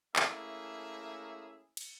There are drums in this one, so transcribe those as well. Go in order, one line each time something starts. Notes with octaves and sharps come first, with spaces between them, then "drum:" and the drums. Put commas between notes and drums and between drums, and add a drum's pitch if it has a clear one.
A3 A#3 C#4 E4 G#4 E5, drum: clap
drum: cymbal